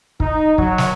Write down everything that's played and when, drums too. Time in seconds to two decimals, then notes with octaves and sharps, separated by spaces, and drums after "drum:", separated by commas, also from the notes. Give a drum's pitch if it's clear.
0.20 D#4, drum: kick
0.58 F#3, drum: kick
0.78 drum: snare